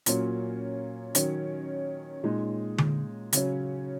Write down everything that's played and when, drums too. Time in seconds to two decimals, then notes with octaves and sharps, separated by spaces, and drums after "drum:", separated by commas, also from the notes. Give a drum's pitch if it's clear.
0.06 A#2 F#3 A#3 C#4, drum: hi-hat
1.15 D#3 F#3 C#4, drum: hi-hat
2.23 A#2 G#3 D#4
2.78 drum: tom D3
3.33 C#3 F#3 C#4, drum: hi-hat